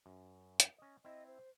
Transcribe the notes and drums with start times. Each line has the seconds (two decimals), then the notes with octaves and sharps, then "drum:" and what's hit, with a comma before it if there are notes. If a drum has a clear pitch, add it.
0.06 F#2
0.60 drum: hi-hat
0.78 C#4 D#5
1.05 C4 E4 D#5
1.27 C5